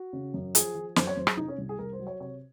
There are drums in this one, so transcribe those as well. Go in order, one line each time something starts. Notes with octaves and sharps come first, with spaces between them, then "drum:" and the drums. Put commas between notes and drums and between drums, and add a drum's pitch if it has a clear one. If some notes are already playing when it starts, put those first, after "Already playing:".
Already playing: F#4
C#3
F#2
F3 G#4, drum: hi-hat
F3
F#2 C5, drum: snare
C#5
F#2 C5
G#4, drum: rim click
C3 D#4
C#4
C2
G#4
C2 A#4
C5
F#3
C#5
C3 C#5